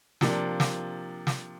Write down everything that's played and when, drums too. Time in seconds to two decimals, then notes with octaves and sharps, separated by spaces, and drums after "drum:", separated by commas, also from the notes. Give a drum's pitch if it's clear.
0.21 C3 F3 A#3 D4, drum: snare
0.60 drum: snare
1.27 drum: snare